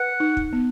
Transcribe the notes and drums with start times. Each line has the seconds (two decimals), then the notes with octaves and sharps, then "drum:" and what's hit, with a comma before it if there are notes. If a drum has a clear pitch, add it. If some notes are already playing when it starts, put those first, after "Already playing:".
Already playing: B4 F#5
0.20 D#4
0.37 drum: kick
0.53 B3